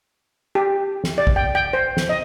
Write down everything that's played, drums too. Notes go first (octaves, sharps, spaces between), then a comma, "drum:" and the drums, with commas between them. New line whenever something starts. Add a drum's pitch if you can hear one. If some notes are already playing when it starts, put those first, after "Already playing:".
G4
drum: snare
D5
drum: kick A1
G5
G5
C5
drum: snare
D#5